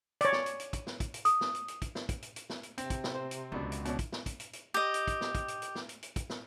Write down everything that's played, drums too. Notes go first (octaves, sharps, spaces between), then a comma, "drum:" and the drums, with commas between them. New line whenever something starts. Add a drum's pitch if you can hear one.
C#5 D5, drum: hi-hat
drum: snare
drum: hi-hat
drum: hi-hat
drum: kick, hi-hat
drum: snare
drum: kick, hi-hat
drum: hi-hat
D#6, drum: hi-hat
drum: snare
drum: hi-hat
drum: hi-hat
drum: kick, hi-hat
drum: snare
drum: kick, hi-hat
drum: hi-hat
drum: hi-hat
drum: snare
drum: hi-hat
C3 C4, drum: hi-hat
drum: kick, hi-hat
drum: snare
C5
drum: hi-hat
C#2 F#2 B2 D4
drum: hi-hat
E2 B2 C#4 D4, drum: hi-hat
drum: kick, hi-hat
drum: snare
drum: kick, hi-hat
drum: hi-hat
drum: hi-hat
G4 D#5
drum: hi-hat
drum: kick, hi-hat
drum: snare
drum: kick, hi-hat
drum: hi-hat
drum: hi-hat
drum: snare
drum: hi-hat
drum: hi-hat
drum: kick, hi-hat
drum: snare